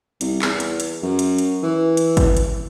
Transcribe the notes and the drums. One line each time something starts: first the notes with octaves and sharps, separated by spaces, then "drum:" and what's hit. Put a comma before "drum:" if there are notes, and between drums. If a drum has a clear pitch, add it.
C2, drum: hi-hat
E2, drum: clap
drum: hi-hat
drum: hi-hat
F#2
drum: hi-hat
drum: hi-hat
E3
drum: hi-hat
drum: kick, hi-hat
drum: hi-hat